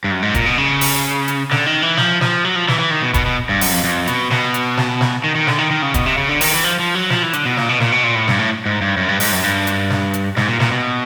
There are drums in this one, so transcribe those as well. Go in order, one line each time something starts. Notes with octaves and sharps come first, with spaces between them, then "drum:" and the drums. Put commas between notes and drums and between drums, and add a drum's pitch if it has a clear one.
G2
F#2
G#2
A#2, drum: kick D#1, hi-hat
B2
C#3
drum: open hi-hat
drum: hi-hat
D3, drum: snare
D#3
E3
F3, drum: snare
F3, drum: snare
F#3
F3
E3, drum: snare
E3
D#3
B2
B2, drum: kick D#1, hi-hat
B2
G2
F#2, drum: open hi-hat
F2
F2
B2, drum: hi-hat
B2, drum: snare
drum: hi-hat
drum: snare
drum: snare
D#3
D#3
D3, drum: snare
D#3
D#3
C#3
B2, drum: kick D#1, hi-hat
C3
C#3
D3
D#3, drum: open hi-hat
E3
F3
F3
F#3
F3, drum: snare
E3
D3, drum: hi-hat
B2
A#2, drum: snare
B2
A#2, drum: snare
B2
A#2
A2
G2, drum: snare
A2
G#2
G2
F#2
G2
G#2, drum: open hi-hat
F#2
G2
drum: hi-hat
drum: snare
drum: hi-hat
G#2, drum: snare
A#2
A#2, drum: snare
B2